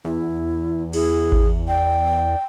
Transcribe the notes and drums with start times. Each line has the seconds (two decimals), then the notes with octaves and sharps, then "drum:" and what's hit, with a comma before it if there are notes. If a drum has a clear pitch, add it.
0.05 E2 E4
0.93 E4 G#4, drum: cymbal
1.32 drum: kick G#1
1.68 D5 G5